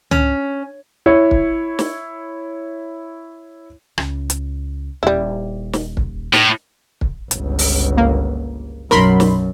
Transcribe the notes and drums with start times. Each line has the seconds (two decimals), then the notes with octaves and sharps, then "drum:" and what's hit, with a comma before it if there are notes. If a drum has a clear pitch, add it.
0.11 C#4, drum: tom
1.06 E4 C#5
1.31 drum: kick
1.79 drum: snare
3.98 C#2, drum: rim click
4.30 drum: hi-hat
5.03 D#1 G3 E4
5.73 drum: snare
5.97 drum: kick
6.33 A2, drum: snare
7.01 drum: kick
7.31 G1 C#2, drum: hi-hat
7.59 drum: open hi-hat
7.97 A#3
8.91 B1 F#2 A#4 B5 C6, drum: snare
9.20 drum: snare